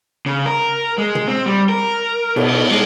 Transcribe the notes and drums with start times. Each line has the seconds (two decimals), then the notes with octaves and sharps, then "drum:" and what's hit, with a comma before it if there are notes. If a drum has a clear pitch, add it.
0.26 C#3
0.46 A#4
0.98 G#3
1.15 drum: tom
1.28 C4
1.46 G3
1.69 A#4
2.36 B2, drum: cymbal
2.71 G#3